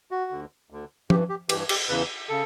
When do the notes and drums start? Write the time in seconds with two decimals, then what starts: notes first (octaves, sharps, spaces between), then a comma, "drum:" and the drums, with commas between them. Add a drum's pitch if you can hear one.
0.11 F#4
0.31 D2 D3
0.70 D2 D3
1.10 G2 E3 G4, drum: tom F3
1.29 G4
1.49 G2 E3 G4, drum: cymbal
1.69 G4, drum: cymbal
1.89 E2 C#3 E3 B4
2.29 C#3 A4